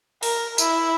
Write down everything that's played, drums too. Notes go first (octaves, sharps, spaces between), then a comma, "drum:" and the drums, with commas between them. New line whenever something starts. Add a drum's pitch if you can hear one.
A#4, drum: open hi-hat
E4, drum: tambourine